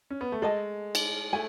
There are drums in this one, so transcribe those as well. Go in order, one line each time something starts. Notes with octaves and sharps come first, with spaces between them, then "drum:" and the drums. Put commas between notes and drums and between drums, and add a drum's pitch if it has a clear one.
C#4
B3
A3
G#3 A4 D#5 A5
drum: cymbal
A3 G#5